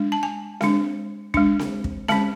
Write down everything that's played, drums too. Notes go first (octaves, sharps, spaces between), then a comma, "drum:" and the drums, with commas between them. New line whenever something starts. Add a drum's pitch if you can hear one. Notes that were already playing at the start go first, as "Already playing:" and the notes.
Already playing: G#3 D4
A5
G#5
G#3 D4, drum: snare C4
G#3 D4, drum: kick
drum: snare C4
drum: kick
G#3 C#4 A5, drum: snare C4